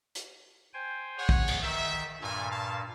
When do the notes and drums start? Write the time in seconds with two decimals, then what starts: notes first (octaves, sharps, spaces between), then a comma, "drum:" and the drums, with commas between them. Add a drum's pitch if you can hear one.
0.15 drum: hi-hat
0.74 C5 G5 G#5
1.18 G#4 C#5 F#5
1.29 drum: kick
1.48 drum: cymbal
1.63 D#3 E5
2.21 G2 A#2 A3 G#5
2.50 F5 A5